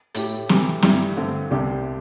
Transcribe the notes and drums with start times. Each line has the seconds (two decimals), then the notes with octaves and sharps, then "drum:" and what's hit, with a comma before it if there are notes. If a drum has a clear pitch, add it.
0.15 A2 A3 E4 G4, drum: hi-hat
0.49 C3 E3 A3 E4 G4, drum: snare
0.82 G2 G3 E4, drum: snare
1.17 G2 D3 A3 C4
1.51 C2 C3 G3 D4 G4